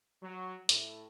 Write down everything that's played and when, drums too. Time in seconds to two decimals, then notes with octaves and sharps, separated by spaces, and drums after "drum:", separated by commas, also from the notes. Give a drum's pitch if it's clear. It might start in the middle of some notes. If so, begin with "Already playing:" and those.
0.22 F#3
0.69 A2, drum: hi-hat